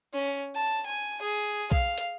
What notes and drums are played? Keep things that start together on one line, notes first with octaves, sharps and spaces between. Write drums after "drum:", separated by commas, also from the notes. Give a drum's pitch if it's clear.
C#4
A5
G#5
G#4
F5, drum: kick B1
drum: hi-hat